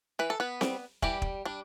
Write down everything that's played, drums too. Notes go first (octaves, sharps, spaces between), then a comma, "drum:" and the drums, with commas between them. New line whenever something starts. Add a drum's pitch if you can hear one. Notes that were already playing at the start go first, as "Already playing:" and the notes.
E3 B4
A4
B3 B4
G3 C4, drum: snare C4
E3 G3 G4, drum: kick
drum: kick
G3 D4